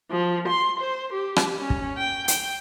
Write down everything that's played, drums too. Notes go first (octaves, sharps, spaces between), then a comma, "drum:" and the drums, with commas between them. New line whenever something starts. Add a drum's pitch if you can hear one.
F3
C6
C5
G4
drum: rim click
C#4
drum: kick
G5
G5, drum: hi-hat